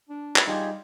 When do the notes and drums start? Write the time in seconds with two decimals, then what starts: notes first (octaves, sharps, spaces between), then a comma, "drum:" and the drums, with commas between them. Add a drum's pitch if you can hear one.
0.10 D4
0.36 drum: clap
0.47 G3 D#4 F4 G4 G#4